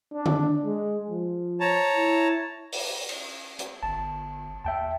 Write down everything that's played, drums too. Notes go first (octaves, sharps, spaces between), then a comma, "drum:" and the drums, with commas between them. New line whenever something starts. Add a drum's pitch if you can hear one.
D4
drum: tom D3
G#3
F3
C#5 A5 A#5
E4
drum: open hi-hat
drum: cymbal
drum: hi-hat
G1 A5
D#2 E5 G5 A5